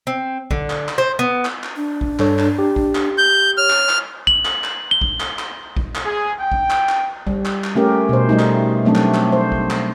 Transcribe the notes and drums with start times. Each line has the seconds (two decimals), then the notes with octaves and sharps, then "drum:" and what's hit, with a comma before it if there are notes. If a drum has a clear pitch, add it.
0.07 C4
0.51 D3, drum: kick A#1
0.70 drum: clap
0.89 drum: clap
0.98 C5
1.19 B3
1.45 drum: clap
1.64 drum: clap
1.76 D4
2.01 drum: kick A#1
2.19 G2 A4 C#5, drum: clap
2.39 drum: clap
2.59 G4
2.76 drum: kick A#1
2.95 drum: clap
3.18 G6
3.58 C#5 F6
3.70 drum: clap
3.89 drum: clap
4.27 F#7, drum: kick A#1
4.45 drum: clap
4.64 drum: clap
4.91 G7
5.01 drum: kick A#1
5.20 drum: clap
5.39 drum: clap
5.77 drum: kick A#1
5.95 drum: clap
6.05 G#4
6.40 G5
6.52 drum: kick A#1
6.70 drum: clap
6.89 drum: clap
7.27 G3, drum: kick A#1
7.45 drum: clap
7.64 drum: clap
7.75 A3 C#4 G4 A#4
8.09 B2 C5
8.29 G3 A3 D#4
8.39 drum: clap
8.85 F#3 A3 C4 D4
8.96 drum: clap
9.14 drum: clap
9.32 C5
9.52 drum: kick A#1
9.71 drum: clap